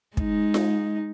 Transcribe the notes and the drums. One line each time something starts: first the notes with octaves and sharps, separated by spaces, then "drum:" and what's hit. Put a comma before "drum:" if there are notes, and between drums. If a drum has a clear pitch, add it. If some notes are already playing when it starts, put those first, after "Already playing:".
G#3 D#4, drum: kick
drum: snare F4